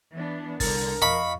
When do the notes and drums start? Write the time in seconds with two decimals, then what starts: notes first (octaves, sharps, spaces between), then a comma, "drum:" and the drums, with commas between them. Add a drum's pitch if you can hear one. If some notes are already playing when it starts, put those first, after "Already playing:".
0.12 E3 B3 D4
0.60 C2 D3 A#4 A6, drum: kick G1, open hi-hat
1.02 F2 D#5 F5 B5 C#6